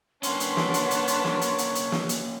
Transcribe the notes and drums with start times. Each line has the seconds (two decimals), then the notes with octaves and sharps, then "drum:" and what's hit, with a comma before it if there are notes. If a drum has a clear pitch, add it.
0.23 A#3 C#4 D4 B4 C#5 F#5 C6, drum: hi-hat
0.40 drum: hi-hat
0.57 drum: snare
0.74 drum: hi-hat
0.91 drum: hi-hat
1.08 drum: hi-hat
1.25 drum: snare
1.41 drum: hi-hat
1.58 drum: hi-hat
1.75 drum: hi-hat
1.92 drum: snare
2.09 drum: hi-hat